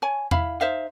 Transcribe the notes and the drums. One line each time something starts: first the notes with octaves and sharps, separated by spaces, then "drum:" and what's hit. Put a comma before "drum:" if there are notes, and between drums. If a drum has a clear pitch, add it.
C#5 G#5
E4 F5 B5, drum: tom E2
D#4 C5 E5 F5